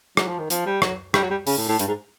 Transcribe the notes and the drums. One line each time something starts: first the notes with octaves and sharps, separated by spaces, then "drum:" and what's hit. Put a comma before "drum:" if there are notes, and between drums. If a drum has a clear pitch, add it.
F#3, drum: rim click
F3
D#3
F3, drum: hi-hat
G3
F#3, drum: rim click
G3, drum: rim click
F#3
G3
C#3, drum: open hi-hat
A2
A2
G2, drum: hi-hat
G#2